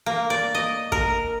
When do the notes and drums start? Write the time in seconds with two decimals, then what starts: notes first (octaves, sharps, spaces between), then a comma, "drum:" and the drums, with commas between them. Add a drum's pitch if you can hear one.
0.06 A#3
0.30 D5
0.55 D#5
0.92 A#4, drum: kick